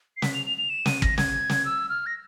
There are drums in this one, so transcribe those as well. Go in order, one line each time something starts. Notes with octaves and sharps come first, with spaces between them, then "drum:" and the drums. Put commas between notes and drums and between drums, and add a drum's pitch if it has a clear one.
C7
B6, drum: snare
F7
F7
F7
E7
D#7, drum: snare
A#6, drum: kick
G#6, drum: snare
drum: snare
E6
F6
A#6